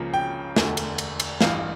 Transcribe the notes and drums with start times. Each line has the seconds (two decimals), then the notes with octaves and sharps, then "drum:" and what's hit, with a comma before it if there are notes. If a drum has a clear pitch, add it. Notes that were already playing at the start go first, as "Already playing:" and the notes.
Already playing: C#2 C#3 F3 A#3
0.14 G5
0.56 E1 D2 D3 A3, drum: snare
0.77 drum: cymbal
0.98 drum: cymbal
1.20 drum: cymbal
1.41 A1 G2 E3 F5, drum: snare